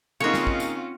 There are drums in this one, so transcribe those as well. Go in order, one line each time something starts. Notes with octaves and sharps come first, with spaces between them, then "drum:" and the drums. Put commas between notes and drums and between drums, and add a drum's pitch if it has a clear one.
C#3 A#3 C4 C#4 D#4 F4 F#4 C#5
drum: snare
drum: kick
drum: tambourine